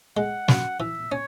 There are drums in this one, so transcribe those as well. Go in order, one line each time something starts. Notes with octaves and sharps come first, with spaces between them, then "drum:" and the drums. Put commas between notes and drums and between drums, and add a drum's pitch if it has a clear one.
G#3 F#5
F#2 F#5, drum: snare
E3 E5
C#4 C#5